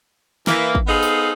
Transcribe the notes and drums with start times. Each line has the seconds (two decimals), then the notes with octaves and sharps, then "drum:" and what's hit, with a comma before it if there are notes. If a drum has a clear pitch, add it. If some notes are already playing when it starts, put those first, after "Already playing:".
0.47 E3 A#3, drum: snare
0.75 drum: kick
0.88 B3 D#4 G#4 A4 C5 F5
1.03 drum: tambourine